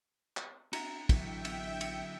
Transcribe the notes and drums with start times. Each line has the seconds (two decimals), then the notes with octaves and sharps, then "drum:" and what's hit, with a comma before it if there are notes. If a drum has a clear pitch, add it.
0.37 drum: clap
0.73 F#4 E5 A#5, drum: cymbal
1.09 A1 D3 F#3 E4 E5 G5, drum: kick, cymbal
1.45 drum: cymbal
1.81 drum: cymbal